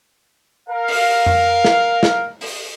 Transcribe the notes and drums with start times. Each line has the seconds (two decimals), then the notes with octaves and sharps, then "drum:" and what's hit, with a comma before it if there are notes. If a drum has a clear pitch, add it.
0.69 A#4 F5
0.88 drum: open hi-hat
1.26 drum: tom F2
1.65 drum: snare
2.03 drum: snare
2.41 drum: open hi-hat